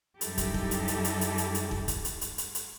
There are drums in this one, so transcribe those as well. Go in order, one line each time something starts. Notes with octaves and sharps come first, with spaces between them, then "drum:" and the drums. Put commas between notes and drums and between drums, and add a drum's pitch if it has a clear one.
F#2 G3 D#4 E4 G4 A4, drum: hi-hat
drum: kick, hi-hat
drum: kick
drum: hi-hat
drum: hi-hat
drum: hi-hat
drum: hi-hat
drum: hi-hat
drum: hi-hat
drum: kick
drum: kick, hi-hat
drum: hi-hat
drum: hi-hat
drum: hi-hat
drum: hi-hat